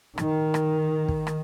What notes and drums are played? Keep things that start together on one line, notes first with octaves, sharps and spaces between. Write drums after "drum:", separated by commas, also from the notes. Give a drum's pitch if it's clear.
D#3, drum: rim click
drum: rim click
drum: kick
drum: rim click